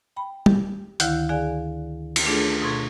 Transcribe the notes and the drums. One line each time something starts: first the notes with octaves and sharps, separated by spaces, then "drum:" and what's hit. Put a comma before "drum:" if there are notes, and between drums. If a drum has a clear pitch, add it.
G5 B5
G4, drum: tom
D2 D3 D#3 E4 F5 F6, drum: hi-hat
D3 G#4 D5 F5 G#5
drum: cymbal
A3 D4 F4 G#4 A4
B2 A4 C6 C#6 G#6